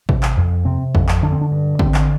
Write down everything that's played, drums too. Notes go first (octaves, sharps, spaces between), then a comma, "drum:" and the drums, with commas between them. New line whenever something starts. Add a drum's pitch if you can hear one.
C3, drum: kick A1
drum: clap
F2
C3 C4
F2, drum: kick A1
drum: clap
D3 D4
C4
D4
G2
D3 C4, drum: kick A1
drum: clap